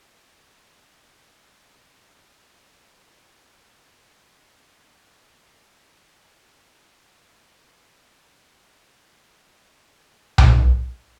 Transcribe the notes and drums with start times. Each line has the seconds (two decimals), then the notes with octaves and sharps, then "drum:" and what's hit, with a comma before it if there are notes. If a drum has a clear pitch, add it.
0.22 D#4 E4 G#4
0.65 C#4 E4 F#4 G#4 C5
1.16 G#5
1.70 C#5 D#5 F#5 A#5
2.15 F4 F#4 A#4 B5 C#6
2.28 D#5 E5 C#6
3.06 F3
4.01 C#4 D4 F4 A4 C5 C#5
4.40 D#2 A#6
4.78 C#4 D4 G4 G5
6.46 C3 F#4
6.87 G3 C#4 D5 G#5 E6 A6
7.50 G1 D3
7.96 F#2 E5 A#5 D#6 G#6
8.49 A#2 D3 F3 C4 D#4
9.59 G#3 A#3 F4 G#4 A#4
10.38 drum: tom B1